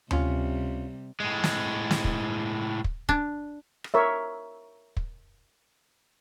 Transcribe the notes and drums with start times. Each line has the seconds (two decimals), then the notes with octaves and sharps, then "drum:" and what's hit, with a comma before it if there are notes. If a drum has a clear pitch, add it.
0.11 C3 G3 C#4 F4, drum: tom D2
1.20 A2 G#3
1.44 drum: snare
1.91 drum: snare
2.05 drum: kick
2.84 drum: kick
3.09 D4, drum: kick
3.84 drum: rim click
3.94 A#4 C#5 E5
4.97 drum: kick